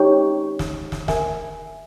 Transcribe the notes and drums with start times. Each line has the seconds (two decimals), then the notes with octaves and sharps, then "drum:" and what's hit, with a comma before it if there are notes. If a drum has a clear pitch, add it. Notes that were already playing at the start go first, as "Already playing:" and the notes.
Already playing: D#4 G4 C#5 G5
0.59 drum: snare
0.92 drum: snare
1.08 A#4 E5 G#5, drum: snare